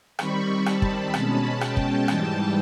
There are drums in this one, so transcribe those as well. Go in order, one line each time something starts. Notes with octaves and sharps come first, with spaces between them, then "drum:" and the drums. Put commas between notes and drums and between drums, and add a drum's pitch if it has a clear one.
D#3 G3 C4 B5 C#6, drum: rim click
A5 B5, drum: rim click
drum: kick
B2 G#3 C#4, drum: rim click
G5 A5, drum: rim click
drum: kick
G#2 E3 G3, drum: rim click